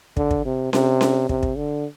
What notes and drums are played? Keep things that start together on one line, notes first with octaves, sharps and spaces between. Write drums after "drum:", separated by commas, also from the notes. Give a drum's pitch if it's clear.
D3, drum: kick
drum: kick
C3
C3, drum: snare C#4
drum: snare C#4
C3, drum: kick
drum: kick
D3